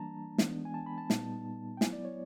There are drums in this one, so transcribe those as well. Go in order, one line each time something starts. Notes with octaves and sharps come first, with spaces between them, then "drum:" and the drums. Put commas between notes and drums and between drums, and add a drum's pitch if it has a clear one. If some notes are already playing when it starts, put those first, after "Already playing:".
Already playing: E3 G3 A#3 D4 A5 A#5
E3 G#3 B3 D4, drum: snare
G#5
A5
B5
A5
A#2 G3 B3 D#4, drum: snare
G5
F#3 B3 E4 G#5, drum: snare
D5
C#5